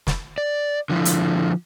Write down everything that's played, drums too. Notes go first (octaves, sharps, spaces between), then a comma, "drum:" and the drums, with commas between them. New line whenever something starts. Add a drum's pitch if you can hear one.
drum: snare
D5
D3 F3 E4
drum: hi-hat